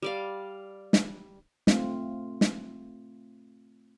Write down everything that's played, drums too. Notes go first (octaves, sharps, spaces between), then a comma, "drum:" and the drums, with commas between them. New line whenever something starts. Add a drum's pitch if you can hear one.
G3 D5 F5
drum: snare
A3 C4 F4, drum: snare
drum: snare